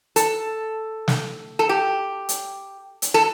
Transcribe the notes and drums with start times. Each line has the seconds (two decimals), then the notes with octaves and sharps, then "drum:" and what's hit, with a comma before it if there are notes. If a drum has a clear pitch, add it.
0.16 A4, drum: hi-hat
1.08 drum: snare
1.59 A4
1.69 G4
2.29 drum: hi-hat
3.02 drum: hi-hat
3.14 A4